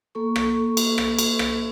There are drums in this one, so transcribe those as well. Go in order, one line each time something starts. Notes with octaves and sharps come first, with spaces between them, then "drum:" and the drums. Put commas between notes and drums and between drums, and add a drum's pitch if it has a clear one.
A#3 A4 C#6
drum: rim click
drum: cymbal
drum: rim click
drum: cymbal
drum: rim click